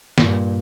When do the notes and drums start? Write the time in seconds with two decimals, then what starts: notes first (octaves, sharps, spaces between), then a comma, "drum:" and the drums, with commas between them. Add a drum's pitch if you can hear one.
0.18 G2 A#2, drum: snare